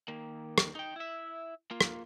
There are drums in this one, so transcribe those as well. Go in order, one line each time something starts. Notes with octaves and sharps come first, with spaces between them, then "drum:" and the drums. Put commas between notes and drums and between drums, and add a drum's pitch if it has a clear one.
D#3 A#3
drum: rim click
D#4 G5
E4 E5
A#3 F4
drum: rim click